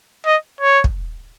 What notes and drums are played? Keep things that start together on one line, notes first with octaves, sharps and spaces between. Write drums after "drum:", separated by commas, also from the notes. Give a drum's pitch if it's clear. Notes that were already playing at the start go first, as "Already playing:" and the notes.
D#5
C#5
drum: kick